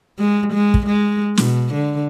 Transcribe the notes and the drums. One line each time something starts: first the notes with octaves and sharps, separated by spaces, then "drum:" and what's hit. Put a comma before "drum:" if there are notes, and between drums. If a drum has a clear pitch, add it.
G#3
G#3
drum: kick
G#3
B2, drum: snare
D3